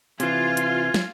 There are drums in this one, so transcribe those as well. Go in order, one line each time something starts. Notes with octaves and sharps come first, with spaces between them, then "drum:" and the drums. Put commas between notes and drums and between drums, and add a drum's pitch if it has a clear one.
C3 E3 F4 G#5, drum: hi-hat
drum: hi-hat
drum: snare